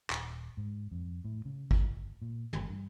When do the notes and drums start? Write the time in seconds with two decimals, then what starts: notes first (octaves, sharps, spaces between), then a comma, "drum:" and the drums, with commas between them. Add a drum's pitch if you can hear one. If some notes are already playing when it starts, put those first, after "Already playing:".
0.10 D#1, drum: clap
0.57 G#2
0.91 F2
1.25 A2
1.45 C#3
1.71 G1, drum: kick G#1
2.22 A#2
2.53 G1, drum: tom
2.69 G2